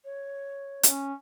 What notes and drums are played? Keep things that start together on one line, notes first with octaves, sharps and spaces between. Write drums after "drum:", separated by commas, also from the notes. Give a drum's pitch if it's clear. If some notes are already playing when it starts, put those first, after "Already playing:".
C#5
C#4, drum: hi-hat